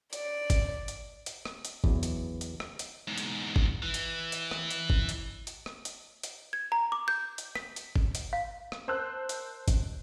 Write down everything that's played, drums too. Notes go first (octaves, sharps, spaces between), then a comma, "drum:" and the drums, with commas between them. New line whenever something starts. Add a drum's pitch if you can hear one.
D5, drum: hi-hat
drum: kick, hi-hat
drum: hi-hat
drum: hi-hat
drum: rim click
drum: hi-hat
E2 E3 F#3, drum: kick
drum: hi-hat
drum: hi-hat
drum: rim click
drum: hi-hat
E2 G#2
drum: hi-hat
drum: kick
E3
drum: hi-hat
drum: hi-hat
drum: rim click
drum: hi-hat
drum: kick
drum: hi-hat
drum: hi-hat
drum: rim click
drum: hi-hat
drum: hi-hat
G#6
A#5
D6
G6
drum: hi-hat
B6, drum: rim click
drum: hi-hat
drum: kick
drum: hi-hat
F5
drum: rim click
A#4 C5 A5 E6 F#6
drum: hi-hat
drum: kick, hi-hat